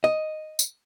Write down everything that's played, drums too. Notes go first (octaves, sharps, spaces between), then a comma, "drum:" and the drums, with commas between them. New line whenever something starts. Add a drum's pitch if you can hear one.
D#5
drum: tambourine